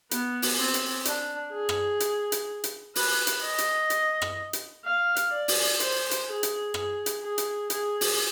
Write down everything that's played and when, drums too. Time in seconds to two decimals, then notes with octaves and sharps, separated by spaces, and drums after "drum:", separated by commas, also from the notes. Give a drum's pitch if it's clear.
0.11 B3, drum: hi-hat
0.42 drum: open hi-hat
0.59 C4
0.74 drum: hi-hat
1.05 D4, drum: hi-hat
1.52 G#4
1.69 drum: rim click
2.00 drum: hi-hat
2.32 drum: hi-hat
2.64 drum: hi-hat
2.95 B4, drum: open hi-hat
3.27 drum: hi-hat
3.43 D#5
3.58 drum: hi-hat
3.90 drum: hi-hat
4.22 drum: rim click
4.53 drum: hi-hat
4.85 F5
5.16 drum: hi-hat
5.32 D5
5.48 drum: open hi-hat
5.80 C5, drum: hi-hat
6.11 drum: hi-hat
6.27 G#4
6.43 drum: hi-hat
6.74 G#4, drum: rim click
7.06 drum: hi-hat
7.22 G#4
7.38 drum: hi-hat
7.70 G#4, drum: hi-hat
8.01 drum: open hi-hat